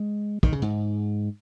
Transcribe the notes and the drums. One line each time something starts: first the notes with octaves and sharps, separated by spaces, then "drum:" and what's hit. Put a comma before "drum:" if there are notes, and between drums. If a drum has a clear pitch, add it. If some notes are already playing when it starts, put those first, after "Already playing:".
Already playing: G#3
D#3, drum: kick
C#3
G#2